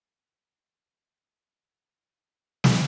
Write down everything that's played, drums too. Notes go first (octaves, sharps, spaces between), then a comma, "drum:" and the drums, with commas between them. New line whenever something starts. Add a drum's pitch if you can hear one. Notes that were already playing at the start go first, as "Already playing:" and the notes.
D#2 D#3 F#3 A#3 E4 A#5 B5 D#6
drum: snare